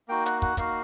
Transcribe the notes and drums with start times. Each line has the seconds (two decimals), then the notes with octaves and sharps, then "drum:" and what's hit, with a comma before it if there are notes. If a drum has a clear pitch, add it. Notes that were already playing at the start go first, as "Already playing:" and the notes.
0.08 A#3 D#4 F#4 G5
0.26 F#5, drum: hi-hat
0.42 F#5, drum: kick
0.57 A#3 D#4 F#4 F5, drum: kick, hi-hat